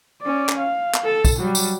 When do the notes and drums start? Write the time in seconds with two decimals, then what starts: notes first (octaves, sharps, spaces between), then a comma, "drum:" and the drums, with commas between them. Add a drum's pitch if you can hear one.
0.22 C#4 D5
0.49 drum: clap
0.58 F5
0.94 drum: clap
1.04 A4 A5
1.25 drum: kick, tambourine
1.40 F#3 G3
1.55 drum: tambourine